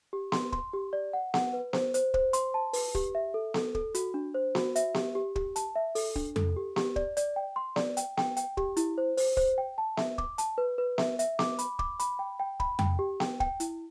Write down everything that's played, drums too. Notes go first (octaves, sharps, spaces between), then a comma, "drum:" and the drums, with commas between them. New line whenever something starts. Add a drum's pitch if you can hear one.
G4
C6, drum: snare B3
C6, drum: kick
G4
D5
F#5
F#5, drum: snare B3
B4
C5, drum: snare B3
C5, drum: hi-hat
C5, drum: kick
C6, drum: hi-hat
A5
B4, drum: open hi-hat
G4, drum: kick
E5
A4
A4, drum: snare B3
A4, drum: kick
F#4, drum: hi-hat
D4
C5
F#4, drum: snare B3
E5, drum: hi-hat
G4, drum: snare B3
G4
G4, drum: kick
A5, drum: hi-hat
E5
A4, drum: open hi-hat
D4, drum: kick
A4, drum: tom F2
G4
G4, drum: snare B3
D5, drum: kick
D5, drum: hi-hat
G5
C6
D5, drum: snare B3
G5, drum: hi-hat
G5, drum: snare B3
G5, drum: hi-hat
G4, drum: kick
E4, drum: hi-hat
C5
C5, drum: open hi-hat
C5, drum: kick
G5
A5
E5, drum: snare B3
D6, drum: kick
A5, drum: hi-hat
B4
B4
E5, drum: snare B3
E5, drum: hi-hat
D6, drum: snare B3
B5, drum: hi-hat
D6, drum: kick
B5, drum: hi-hat
G5
G5
B5, drum: kick
G5, drum: tom F2
G4
G5, drum: snare B3
G5, drum: kick
E4, drum: hi-hat